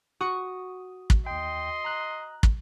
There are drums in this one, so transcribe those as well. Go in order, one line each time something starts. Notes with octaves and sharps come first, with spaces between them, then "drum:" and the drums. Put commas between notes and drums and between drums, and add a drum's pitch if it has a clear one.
F#4 C#6 D#6
drum: kick
D#2 D#5 G5 C6
A#5 F#6
drum: kick